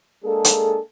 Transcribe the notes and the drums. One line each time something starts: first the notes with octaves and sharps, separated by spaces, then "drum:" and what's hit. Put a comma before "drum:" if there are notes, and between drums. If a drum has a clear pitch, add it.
G#3 A#3 D4 G#4 A4
drum: hi-hat